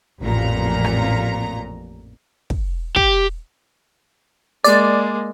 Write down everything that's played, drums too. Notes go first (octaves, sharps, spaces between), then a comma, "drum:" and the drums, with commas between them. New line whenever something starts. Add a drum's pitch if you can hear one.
A1 F2 A#2 A#5
drum: rim click
drum: kick
G4, drum: kick
G#3 A#3 D5, drum: hi-hat